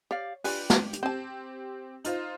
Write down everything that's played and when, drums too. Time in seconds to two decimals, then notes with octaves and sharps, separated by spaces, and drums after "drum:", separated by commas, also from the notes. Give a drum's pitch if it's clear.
0.11 G4 C#5 D5 F5
0.44 D4 F4 G4 B4 G#5, drum: open hi-hat
0.70 drum: snare
0.93 drum: hi-hat
1.03 C4 G4 C5 G5 A5
2.04 D#4 F4 C5, drum: hi-hat